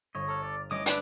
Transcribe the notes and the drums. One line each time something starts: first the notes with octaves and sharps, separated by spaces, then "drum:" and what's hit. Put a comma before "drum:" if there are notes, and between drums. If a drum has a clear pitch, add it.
G1 C#5 D#5
A4 A#5 F6
D5
E3 G3 A3 C#4 C#5 D#5 D6 D#6
D4 G#4 B4 E5 D6, drum: hi-hat